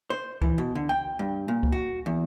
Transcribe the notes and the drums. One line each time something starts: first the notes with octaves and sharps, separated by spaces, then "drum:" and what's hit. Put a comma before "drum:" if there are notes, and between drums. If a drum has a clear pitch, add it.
C5
E3, drum: kick C#2
B2
D3
G5
G2
A#2
drum: kick C#2
F#4
E2